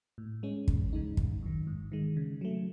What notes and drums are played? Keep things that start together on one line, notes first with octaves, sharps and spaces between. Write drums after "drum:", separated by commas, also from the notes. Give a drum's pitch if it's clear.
A2
G#3 C#4
E2, drum: kick
C#3 G#3 D#4
G#1, drum: kick
F#2 D#3
G#2
D#3 G#3
C#3
F#3 A3